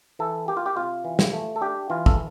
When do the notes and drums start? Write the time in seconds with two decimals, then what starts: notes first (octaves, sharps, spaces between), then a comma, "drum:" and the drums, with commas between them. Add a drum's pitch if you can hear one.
0.19 E3 A4
0.48 A#3 G4
0.57 F4
0.66 G4
0.76 C3 F4
1.05 E3
1.19 drum: snare
1.33 A3
1.56 A4
1.61 D4 G4
1.90 E3 F4
2.06 A4, drum: kick